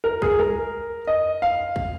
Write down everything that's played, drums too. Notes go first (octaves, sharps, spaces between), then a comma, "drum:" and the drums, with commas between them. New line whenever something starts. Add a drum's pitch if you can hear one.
A#4
G#4, drum: kick
A#4, drum: tom G3
D#5
F5
drum: kick